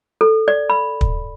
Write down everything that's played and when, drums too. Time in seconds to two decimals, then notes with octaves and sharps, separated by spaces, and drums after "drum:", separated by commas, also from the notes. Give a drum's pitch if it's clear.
0.21 A4
0.48 D5
0.70 B5
1.01 drum: kick